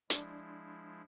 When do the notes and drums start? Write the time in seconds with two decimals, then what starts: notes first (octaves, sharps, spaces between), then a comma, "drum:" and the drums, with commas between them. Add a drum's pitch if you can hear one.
0.10 F3 G#3 D4 E4, drum: hi-hat